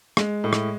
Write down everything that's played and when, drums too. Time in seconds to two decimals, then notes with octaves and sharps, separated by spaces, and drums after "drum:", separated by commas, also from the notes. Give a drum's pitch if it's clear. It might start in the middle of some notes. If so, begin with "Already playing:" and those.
0.17 G#3, drum: rim click
0.44 A2
0.53 drum: rim click